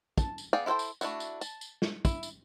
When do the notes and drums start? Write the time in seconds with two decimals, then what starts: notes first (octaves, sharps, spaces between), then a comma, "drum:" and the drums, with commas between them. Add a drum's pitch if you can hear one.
0.18 A5, drum: kick, tambourine
0.38 drum: tambourine
0.53 B3 G#4 D5 F5 G5
0.66 E4 F4 A4 C5 G5
0.79 drum: tambourine
1.01 A3 D4 E4 F#4, drum: tambourine
1.20 drum: tambourine
1.41 A5, drum: tambourine
1.61 drum: tambourine
1.82 drum: snare
2.05 E4, drum: kick, tambourine
2.23 drum: tambourine